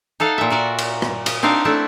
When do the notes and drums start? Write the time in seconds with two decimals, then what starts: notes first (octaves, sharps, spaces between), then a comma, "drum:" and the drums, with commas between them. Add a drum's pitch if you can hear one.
0.20 D#4 A4 F5 F#5
0.38 A#2 E5
0.50 F#4 A#4 D5
0.78 drum: cymbal
1.02 drum: rim click
1.26 D#5, drum: cymbal
1.43 C4 D4 D#4 A#4 F5
1.65 A3 D4 E4